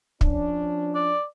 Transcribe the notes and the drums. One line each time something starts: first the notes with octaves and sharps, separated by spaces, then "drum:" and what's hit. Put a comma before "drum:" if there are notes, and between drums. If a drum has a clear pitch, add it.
F3 C#4 D4, drum: kick
D5